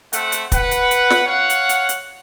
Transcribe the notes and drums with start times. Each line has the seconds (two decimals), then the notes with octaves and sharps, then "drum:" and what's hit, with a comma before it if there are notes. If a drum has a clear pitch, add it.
0.13 A3 C4 F#5, drum: hi-hat
0.32 drum: hi-hat
0.52 B4 F#5, drum: kick, hi-hat
0.71 drum: hi-hat
0.91 drum: hi-hat
1.10 drum: snare
1.26 C#5 F5 F#5
1.50 drum: hi-hat
1.69 drum: hi-hat
1.89 drum: hi-hat